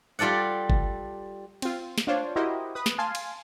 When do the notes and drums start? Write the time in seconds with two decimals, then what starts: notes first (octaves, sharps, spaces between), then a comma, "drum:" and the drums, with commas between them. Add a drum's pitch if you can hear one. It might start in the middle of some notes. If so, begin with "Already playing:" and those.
0.19 G3 F4 A4 D5 F#5
0.70 drum: kick
1.62 C4 F4, drum: cymbal
1.98 drum: snare
2.07 D4 F4 C5 C#5
2.36 E4 F#4 G4 A#4 C5 D#5
2.75 B4 D#6
2.86 drum: snare
2.98 F5 G#5 A5 C6
3.15 drum: cymbal